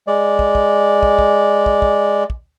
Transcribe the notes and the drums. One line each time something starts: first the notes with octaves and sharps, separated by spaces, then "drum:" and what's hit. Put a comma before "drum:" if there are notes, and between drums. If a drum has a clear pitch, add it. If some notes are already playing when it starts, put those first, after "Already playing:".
G#3 D5
drum: kick
drum: kick
drum: kick
drum: kick
drum: kick
drum: kick
drum: kick